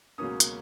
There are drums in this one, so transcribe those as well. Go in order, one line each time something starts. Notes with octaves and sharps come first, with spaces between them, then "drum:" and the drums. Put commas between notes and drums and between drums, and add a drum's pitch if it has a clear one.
C#2 B2 F#3 A#3 C#4 D#6
drum: hi-hat